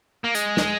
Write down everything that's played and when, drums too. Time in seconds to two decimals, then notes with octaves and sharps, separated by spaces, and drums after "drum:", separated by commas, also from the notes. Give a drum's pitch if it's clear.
0.24 A#3
0.35 G#3, drum: hi-hat
0.57 drum: snare